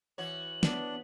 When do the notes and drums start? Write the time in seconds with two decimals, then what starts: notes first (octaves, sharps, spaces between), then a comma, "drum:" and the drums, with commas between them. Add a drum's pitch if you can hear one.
0.18 E3 F#4 C#5 F#7
0.63 B3 D4, drum: snare